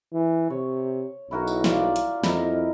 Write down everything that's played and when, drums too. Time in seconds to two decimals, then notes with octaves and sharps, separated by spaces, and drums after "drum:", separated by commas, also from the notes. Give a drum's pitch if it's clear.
0.13 E3
0.50 C3 C#5
1.31 B1 E4 F#4 A#4
1.47 drum: tambourine
1.64 F4 D5, drum: snare
1.96 drum: hi-hat
2.24 F2 E4 A#4 D#5, drum: snare